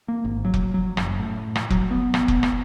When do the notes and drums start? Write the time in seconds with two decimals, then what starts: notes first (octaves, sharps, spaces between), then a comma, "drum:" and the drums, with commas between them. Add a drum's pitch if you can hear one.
0.08 A#3
0.25 G#1
0.45 F#3
0.54 drum: kick F1
0.74 F#3
0.97 F#1, drum: rim click
1.19 A2
1.55 drum: rim click
1.70 F#3, drum: kick F1
1.91 B3
2.14 drum: rim click
2.28 drum: kick F1
2.43 drum: rim click